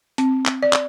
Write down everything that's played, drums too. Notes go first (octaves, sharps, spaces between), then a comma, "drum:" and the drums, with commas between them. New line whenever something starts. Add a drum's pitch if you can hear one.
C4, drum: hi-hat
drum: clap
D5
drum: clap